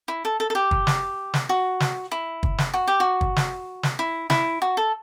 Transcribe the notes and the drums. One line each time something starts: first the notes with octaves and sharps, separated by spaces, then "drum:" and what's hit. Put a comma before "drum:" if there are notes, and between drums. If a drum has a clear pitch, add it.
E4
A4
A4
A4
G4
drum: kick
drum: snare
drum: snare
F#4
drum: snare
E4
drum: kick
drum: snare
F#4
G4
F#4
drum: kick
drum: snare
drum: snare
E4
E4, drum: snare
F#4
A4